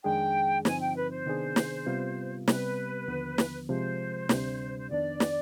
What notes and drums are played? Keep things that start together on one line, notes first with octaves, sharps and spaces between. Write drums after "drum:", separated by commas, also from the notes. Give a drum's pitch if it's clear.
F2 D#3 G#3 D4 G#4 G5
G2 D3 F3 C4 D#4 G#5, drum: snare
G5
B4
C5
C3 D#3 B3 D4 G#4
drum: snare
C3 G3 B3 F4
C3 G3 B3 B4, drum: snare
D#2 D3 F3 B3
drum: snare
C3 F3 G#3 C5
D2 C3 G3 D4, drum: snare
C5
F2 D#3 B3 D4 D5
drum: snare